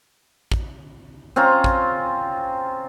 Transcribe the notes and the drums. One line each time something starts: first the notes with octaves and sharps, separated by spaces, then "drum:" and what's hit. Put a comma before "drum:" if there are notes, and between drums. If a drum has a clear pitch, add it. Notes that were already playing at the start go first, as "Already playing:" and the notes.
drum: kick
C4 C#4 F4 A#5
drum: kick